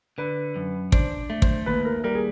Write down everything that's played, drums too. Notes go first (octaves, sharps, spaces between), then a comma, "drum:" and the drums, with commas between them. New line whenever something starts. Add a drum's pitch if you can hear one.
D3 B4
F#2
D4 C5, drum: kick
A3
C5, drum: kick
D#2 B4
A#4
G3 A#4
G#4